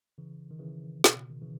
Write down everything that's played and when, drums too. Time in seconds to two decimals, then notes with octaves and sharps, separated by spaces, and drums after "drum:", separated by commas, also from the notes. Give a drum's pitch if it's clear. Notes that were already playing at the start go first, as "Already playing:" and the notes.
0.18 C#3 E3
0.51 D#3
0.59 C#3 E3
1.04 B2, drum: snare
1.17 C#3
1.30 D#3
1.42 C#3 E3